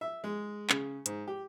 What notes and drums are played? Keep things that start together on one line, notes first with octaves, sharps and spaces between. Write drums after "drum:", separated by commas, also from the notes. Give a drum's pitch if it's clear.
E5
G#3
C#3, drum: clap
G#2, drum: hi-hat
G4